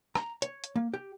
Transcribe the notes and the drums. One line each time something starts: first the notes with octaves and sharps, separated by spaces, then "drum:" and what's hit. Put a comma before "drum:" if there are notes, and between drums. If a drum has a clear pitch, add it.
A#5, drum: rim click
C#5, drum: hi-hat
drum: hi-hat
A#3
G4